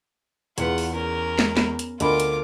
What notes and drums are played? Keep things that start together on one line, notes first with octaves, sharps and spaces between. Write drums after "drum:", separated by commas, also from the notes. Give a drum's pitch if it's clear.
E2 F4 G#4 B4 F#5, drum: hi-hat
drum: open hi-hat
C#4 A#4
drum: snare
B3, drum: snare
drum: hi-hat
D2 F4 A#4 D#5 B5 D6, drum: hi-hat
drum: hi-hat